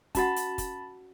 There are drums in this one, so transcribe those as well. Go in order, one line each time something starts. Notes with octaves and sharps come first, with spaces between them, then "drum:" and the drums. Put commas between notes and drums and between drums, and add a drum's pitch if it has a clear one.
C#4 F#4 F#5 A5 B5 A6, drum: kick, hi-hat
drum: hi-hat
drum: kick, hi-hat